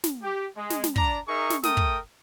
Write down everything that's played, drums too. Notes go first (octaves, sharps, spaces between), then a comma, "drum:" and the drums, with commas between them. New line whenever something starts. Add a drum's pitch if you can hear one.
drum: snare
G4
G#3
drum: snare
drum: snare
D4 D5 A#5, drum: kick
D#4 G#4 A#4 E5 C#6
drum: snare
A3 A#4 G5 D#6, drum: snare
drum: kick